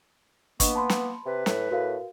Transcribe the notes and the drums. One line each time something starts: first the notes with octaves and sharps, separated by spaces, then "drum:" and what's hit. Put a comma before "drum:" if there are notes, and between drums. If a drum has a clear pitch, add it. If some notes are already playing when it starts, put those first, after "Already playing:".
A#3 B3 D4 D#5 C#6, drum: kick, hi-hat
A5 B5 C6
drum: snare
C3 B4
A2, drum: snare
A2 F#4 A#4 F5